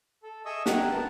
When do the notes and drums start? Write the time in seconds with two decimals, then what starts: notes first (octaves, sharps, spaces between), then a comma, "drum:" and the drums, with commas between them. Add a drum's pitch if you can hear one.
0.23 A4
0.45 G#4 D#5 E5 C#6 D#6 E6
0.66 A#4 F#5 G5, drum: snare
0.91 B3 A5